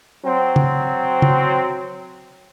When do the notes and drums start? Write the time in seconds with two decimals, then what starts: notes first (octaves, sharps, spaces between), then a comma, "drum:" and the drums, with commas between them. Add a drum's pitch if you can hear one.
0.25 F#3 C4
0.56 drum: tom
1.22 drum: tom